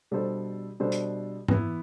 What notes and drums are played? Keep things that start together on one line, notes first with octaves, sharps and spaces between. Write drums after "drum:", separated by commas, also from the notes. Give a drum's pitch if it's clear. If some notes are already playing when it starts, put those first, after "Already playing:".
B2 G3 D4 A4 C5
B2 G3 D4 A4 C5
drum: hi-hat
E3 B3 E4, drum: tom G#2